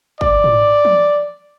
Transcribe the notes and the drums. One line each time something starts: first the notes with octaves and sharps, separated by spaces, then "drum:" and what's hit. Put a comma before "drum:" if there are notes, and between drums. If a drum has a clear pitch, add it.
D5, drum: kick
drum: tom
drum: tom